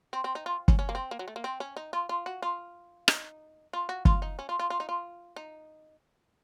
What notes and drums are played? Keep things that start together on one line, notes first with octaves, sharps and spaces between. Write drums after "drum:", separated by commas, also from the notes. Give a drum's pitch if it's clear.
C4
C4
D#4
F4
C#4, drum: kick
C#4
A#3
C4
A#3
F#3
A3
A#3
C4
C#4
D#4
F4
F4
F#4
F4
D#4, drum: rim click
F4
F#4
F4, drum: kick
D#4
C#4
F4
F4
F4
D#4
F4
D#4